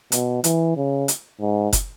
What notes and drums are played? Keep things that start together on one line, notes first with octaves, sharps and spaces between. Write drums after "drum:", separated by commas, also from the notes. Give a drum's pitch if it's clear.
B2, drum: hi-hat
E3, drum: hi-hat
C#3
drum: hi-hat
G#2
drum: kick F#1, hi-hat